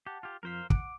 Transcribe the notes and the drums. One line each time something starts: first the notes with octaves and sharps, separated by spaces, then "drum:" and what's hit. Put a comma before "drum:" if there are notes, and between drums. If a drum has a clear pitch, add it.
G4 F#5 A5
F4 G4
F2 F3 A#4 C5 F5 B6
F#5 D6, drum: kick